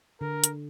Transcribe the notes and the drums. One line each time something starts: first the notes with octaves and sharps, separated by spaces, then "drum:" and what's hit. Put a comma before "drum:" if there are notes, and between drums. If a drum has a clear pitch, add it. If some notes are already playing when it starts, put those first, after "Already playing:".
D3 A#4
drum: hi-hat